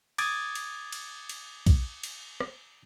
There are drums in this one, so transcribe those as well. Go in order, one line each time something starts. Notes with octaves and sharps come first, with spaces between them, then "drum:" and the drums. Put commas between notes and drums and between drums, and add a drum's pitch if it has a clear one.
D6 D#6 G#6 A6, drum: cymbal
drum: cymbal
drum: cymbal
drum: cymbal
drum: kick, cymbal
drum: cymbal
drum: rim click